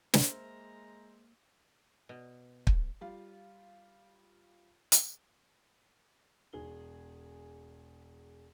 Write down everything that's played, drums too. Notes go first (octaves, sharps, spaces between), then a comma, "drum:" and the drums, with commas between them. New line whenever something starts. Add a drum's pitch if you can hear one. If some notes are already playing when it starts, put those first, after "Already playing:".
G#3 A#3 C5 E5 A#5, drum: snare
B2
drum: kick
G3 F4 F5
drum: hi-hat
E1 G#4 G7